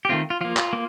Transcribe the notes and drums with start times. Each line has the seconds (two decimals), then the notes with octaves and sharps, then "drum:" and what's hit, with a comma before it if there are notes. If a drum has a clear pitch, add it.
0.05 G4
0.09 D#3 A3 C4 F4
0.30 F4
0.41 F3 A#3 F4
0.57 drum: clap
0.73 A#3